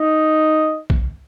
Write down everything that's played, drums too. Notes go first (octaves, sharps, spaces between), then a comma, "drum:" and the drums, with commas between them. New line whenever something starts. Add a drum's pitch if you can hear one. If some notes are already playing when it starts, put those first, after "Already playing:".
Already playing: D#4 D#5
drum: kick